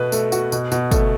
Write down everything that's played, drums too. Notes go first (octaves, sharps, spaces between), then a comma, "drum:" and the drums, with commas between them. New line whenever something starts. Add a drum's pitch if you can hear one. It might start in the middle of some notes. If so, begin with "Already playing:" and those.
Already playing: B2 A3 B4
A3, drum: tambourine
F#4, drum: tambourine
B2, drum: tambourine
B2, drum: tambourine
A3, drum: kick, tambourine